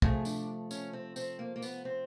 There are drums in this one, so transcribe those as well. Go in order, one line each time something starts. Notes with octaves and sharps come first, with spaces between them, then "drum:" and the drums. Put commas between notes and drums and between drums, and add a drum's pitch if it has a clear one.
C3 F3 A3 G#4, drum: kick
D4, drum: tambourine
C#4, drum: tambourine
C4
C4, drum: tambourine
A#3
A#3
B3, drum: tambourine
C4